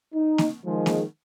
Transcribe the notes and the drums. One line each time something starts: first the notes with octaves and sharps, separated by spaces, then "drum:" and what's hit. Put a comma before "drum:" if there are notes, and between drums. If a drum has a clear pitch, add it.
D#4
drum: snare A#3
D#3 F3 G#3
drum: snare A#3